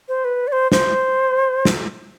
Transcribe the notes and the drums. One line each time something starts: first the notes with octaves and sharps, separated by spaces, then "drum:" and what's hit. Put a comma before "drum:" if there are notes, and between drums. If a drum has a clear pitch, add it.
C5
B4
D5
C5
C5, drum: snare
drum: snare